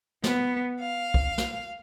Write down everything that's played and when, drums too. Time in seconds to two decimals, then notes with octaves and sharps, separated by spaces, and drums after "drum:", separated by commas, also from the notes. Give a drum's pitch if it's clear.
0.24 B3, drum: snare
0.80 F5
1.14 drum: kick
1.38 drum: snare